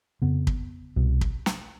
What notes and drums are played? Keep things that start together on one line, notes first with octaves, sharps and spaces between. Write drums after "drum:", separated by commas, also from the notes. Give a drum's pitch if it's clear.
F2 C#3 B3
drum: kick
C2 B2
drum: kick
drum: snare